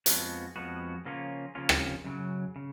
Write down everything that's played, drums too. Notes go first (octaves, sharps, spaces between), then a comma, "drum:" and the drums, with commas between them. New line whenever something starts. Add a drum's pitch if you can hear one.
F2 F3 G#3 B3 F#4, drum: hi-hat
F2 F3 G#3 B3 F#4
C#3 F3 A#3 C#4 F4
C#3 F3 A#3 C#4 F4
drum: rim click
F#2 C#3 F#3
C#3